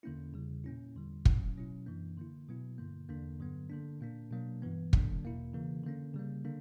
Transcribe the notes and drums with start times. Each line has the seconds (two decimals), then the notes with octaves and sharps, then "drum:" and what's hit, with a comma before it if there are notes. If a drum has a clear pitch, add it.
0.03 E2 D3 A#3 C#4 E4
0.33 E2 C#3 G3
0.64 A#2 A#3 C#4 E4
0.95 E2 D3 G3
1.25 B2 F#3 C#4 E4, drum: kick
1.57 B2 F#3 C#4 E4
1.87 F#2 E3 A#3 D4
2.17 D3 A#3 E4
2.48 B2 F#3 B3 E4
2.78 G2 D3 A#3
3.09 E2 D3 A#3 D4
3.40 G2 D3 F#3 B3
3.70 D3 A#3 D4
4.01 A#2 A#3 D4
4.31 B2 F#3 A#3 D4
4.62 G2 E3 B3
4.93 D3 F#3 A#3 D4, drum: kick
5.23 E2 B2 A#3 E4
5.54 C#3 E3 A#3
5.83 D3 A#3 C#4
6.14 C#3 G3 A#3
6.45 D3 A#3 D4